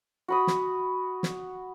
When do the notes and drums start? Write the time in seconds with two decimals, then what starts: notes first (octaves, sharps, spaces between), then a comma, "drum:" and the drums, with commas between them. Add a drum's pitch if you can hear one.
0.28 F#4 B5 D#6
0.47 drum: snare
1.23 drum: snare